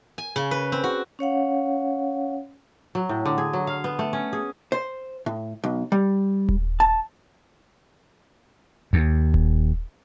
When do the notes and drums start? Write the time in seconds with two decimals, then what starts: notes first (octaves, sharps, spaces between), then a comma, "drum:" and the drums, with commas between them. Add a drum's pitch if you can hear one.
0.18 G#5
0.36 C#3
0.51 B4
0.72 C4
0.84 F#4
1.19 C#4 C#5 F5 F#5
2.95 F#3
3.09 A2
3.26 D3
3.38 G#4
3.53 F#3
3.67 F5
3.84 B3
3.99 A3
4.13 C#4
4.33 G#4
4.72 C5
5.26 A2
5.64 B1
5.92 G3
6.49 drum: kick D#1
6.80 A5
8.93 D#2
9.34 drum: kick D#1